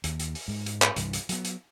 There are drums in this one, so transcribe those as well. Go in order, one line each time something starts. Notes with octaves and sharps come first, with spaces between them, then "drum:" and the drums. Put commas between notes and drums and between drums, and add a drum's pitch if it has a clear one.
D#2, drum: hi-hat
drum: hi-hat
drum: open hi-hat
G#2 G#3
drum: hi-hat
drum: clap
C2 G2 E3, drum: hi-hat
drum: hi-hat
F#3 B3, drum: hi-hat
drum: hi-hat